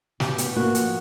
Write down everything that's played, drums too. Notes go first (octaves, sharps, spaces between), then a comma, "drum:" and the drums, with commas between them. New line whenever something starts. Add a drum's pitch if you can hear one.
B2 G4, drum: snare
B3, drum: hi-hat
A#3 F#4
F3, drum: hi-hat